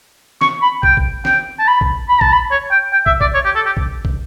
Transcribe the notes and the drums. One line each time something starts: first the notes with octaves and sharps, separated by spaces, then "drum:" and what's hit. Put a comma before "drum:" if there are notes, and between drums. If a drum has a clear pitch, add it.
C#6, drum: snare
B5
G5, drum: kick
drum: kick
G5, drum: snare
A5
B5
drum: kick
B5
A5, drum: kick
B5
C#5
G5
G5
E5, drum: kick
D5, drum: kick
C#5
G4
A4
G4
drum: kick
drum: kick